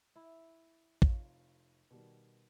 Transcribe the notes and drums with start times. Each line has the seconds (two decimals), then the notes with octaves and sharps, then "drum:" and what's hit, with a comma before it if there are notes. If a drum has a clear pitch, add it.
0.16 E4
1.02 F1 F4 C#5, drum: kick
1.91 B2 D#3 G3